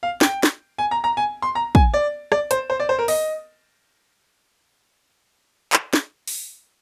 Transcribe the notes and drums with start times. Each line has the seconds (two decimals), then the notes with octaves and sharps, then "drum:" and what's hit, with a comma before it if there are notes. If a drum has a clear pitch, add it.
0.03 F5
0.21 G5, drum: snare
0.43 drum: snare
0.78 G#5
0.91 A#5
1.04 A#5
1.17 G#5
1.42 C6
1.55 A#5
1.75 G#5, drum: kick
1.94 D5
2.32 D5, drum: rim click
2.51 C5, drum: hi-hat
2.70 C5
2.80 D5
2.89 C5
2.99 A#4
3.08 D#5, drum: open hi-hat
5.73 drum: clap
5.93 drum: snare
6.27 drum: open hi-hat